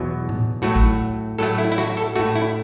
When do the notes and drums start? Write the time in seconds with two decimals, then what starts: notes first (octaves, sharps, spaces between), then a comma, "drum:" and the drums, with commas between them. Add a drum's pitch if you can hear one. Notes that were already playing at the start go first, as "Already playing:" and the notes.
Already playing: E2 B2 F#3
0.29 drum: tom A2
0.62 A2 F#3 A3 F#4
0.76 drum: kick G#1
1.39 A2 F#3 A3 A4
1.58 E4
1.72 E4
1.78 F#4, drum: snare
1.97 A4
2.16 A2 A3 F#4
2.35 E4